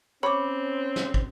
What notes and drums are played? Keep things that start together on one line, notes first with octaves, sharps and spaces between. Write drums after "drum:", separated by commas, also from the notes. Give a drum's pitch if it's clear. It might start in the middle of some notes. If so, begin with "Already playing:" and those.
C4 C#4 C#5 B5 D6
drum: snare
drum: kick